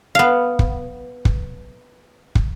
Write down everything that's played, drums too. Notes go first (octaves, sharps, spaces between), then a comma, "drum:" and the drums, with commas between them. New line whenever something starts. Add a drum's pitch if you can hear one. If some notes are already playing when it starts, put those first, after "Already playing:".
B3 F5
drum: kick
drum: kick
drum: kick